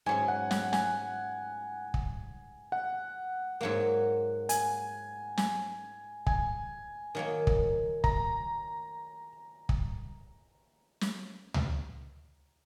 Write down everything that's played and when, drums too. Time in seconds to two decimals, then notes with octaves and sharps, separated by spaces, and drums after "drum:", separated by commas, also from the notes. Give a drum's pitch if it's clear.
0.06 G#2 F#3 C#4 G#5
0.28 F#5
0.51 F#5, drum: snare
0.73 G#5, drum: snare
1.94 drum: kick
2.72 F#5
3.61 G#2 F#3 A#3
4.49 G#5, drum: hi-hat
5.37 G#5, drum: snare
6.27 G#5, drum: kick
7.15 D#3 F#3 A#3
7.47 drum: kick
8.04 A#5, drum: kick
9.69 drum: kick
11.01 drum: snare
11.54 drum: tom C#2